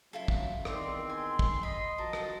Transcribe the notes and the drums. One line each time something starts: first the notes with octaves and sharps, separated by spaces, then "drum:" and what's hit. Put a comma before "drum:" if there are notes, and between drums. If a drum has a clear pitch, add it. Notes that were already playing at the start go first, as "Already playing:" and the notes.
C#3 F#3 E4 F4 A4
drum: kick
E2 D#3 C4 D5 C6, drum: rim click
G#5 C6
drum: kick
D#5 B5 C6
F3 F#4 A#4 A5
drum: rim click